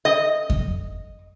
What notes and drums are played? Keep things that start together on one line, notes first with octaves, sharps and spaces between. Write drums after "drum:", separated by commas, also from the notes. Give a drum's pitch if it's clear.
D#5
drum: kick F2